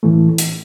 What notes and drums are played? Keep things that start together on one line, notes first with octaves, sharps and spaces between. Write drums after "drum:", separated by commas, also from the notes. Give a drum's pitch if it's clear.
A2 E3 A3
drum: hi-hat